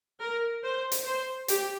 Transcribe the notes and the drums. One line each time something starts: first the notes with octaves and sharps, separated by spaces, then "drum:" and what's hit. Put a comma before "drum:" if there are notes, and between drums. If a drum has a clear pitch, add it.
A#4
C5
drum: hi-hat
C5
G4, drum: hi-hat